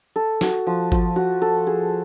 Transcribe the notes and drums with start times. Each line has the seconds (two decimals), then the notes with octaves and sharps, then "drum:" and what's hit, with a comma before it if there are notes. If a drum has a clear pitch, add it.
0.16 A4
0.41 F#4, drum: snare
0.67 F3
0.92 F3, drum: kick G#1
1.16 F#4
1.42 A4
1.67 G#4